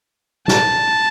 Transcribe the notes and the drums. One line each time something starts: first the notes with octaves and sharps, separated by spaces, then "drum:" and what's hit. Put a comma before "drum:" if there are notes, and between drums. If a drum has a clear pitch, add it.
A5, drum: snare